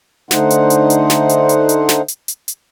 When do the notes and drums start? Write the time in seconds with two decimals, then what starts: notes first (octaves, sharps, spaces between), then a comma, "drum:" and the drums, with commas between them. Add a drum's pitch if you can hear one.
0.31 D3 A3 D#4 C5 F#5, drum: snare
0.50 drum: hi-hat
0.70 drum: hi-hat
0.90 drum: hi-hat
1.10 drum: snare
1.29 drum: hi-hat
1.49 drum: hi-hat
1.69 drum: hi-hat
1.89 drum: snare
2.08 drum: hi-hat
2.28 drum: hi-hat
2.48 drum: hi-hat